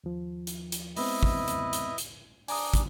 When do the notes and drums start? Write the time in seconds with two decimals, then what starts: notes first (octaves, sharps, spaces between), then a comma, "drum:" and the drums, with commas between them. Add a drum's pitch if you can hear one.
0.04 D#2 F3
0.47 drum: hi-hat
0.72 drum: hi-hat
0.97 G#3 B3 C4 E4 B4 D#5, drum: open hi-hat
1.23 drum: kick
1.48 drum: hi-hat
1.73 drum: hi-hat
1.98 drum: hi-hat
2.48 D4 D5 G#5 A#5 D#6, drum: open hi-hat
2.74 drum: kick, hi-hat